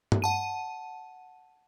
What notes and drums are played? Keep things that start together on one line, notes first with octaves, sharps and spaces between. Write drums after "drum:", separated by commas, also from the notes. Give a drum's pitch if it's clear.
drum: tom G2
F#5 A5 D#7